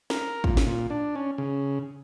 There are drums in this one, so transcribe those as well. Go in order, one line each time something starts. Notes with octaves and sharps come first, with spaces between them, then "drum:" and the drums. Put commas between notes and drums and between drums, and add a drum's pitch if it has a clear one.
A#4, drum: snare
A#2, drum: kick
drum: snare
A#2
D4
C#4
C#3